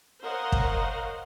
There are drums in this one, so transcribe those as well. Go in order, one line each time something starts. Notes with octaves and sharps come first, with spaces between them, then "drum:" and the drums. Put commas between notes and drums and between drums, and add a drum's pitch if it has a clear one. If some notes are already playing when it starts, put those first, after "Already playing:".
A#4 C5 C#5 D#5 F5 F#5
drum: kick